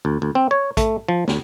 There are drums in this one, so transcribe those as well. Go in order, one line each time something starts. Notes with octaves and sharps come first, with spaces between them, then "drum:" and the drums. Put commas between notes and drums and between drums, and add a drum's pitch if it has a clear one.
D2
D2
C4
C#5
A3, drum: kick, hi-hat
F3
D2, drum: snare